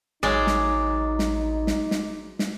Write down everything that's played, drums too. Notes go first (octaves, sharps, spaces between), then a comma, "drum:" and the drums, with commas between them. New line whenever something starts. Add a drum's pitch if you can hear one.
A1 F#3 G#3 D#4 D5
drum: snare
drum: snare
drum: snare
drum: snare
drum: snare